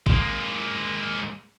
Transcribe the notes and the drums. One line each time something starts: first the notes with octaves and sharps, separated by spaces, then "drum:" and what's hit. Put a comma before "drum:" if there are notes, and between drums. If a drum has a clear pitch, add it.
G#3 A#3, drum: kick A1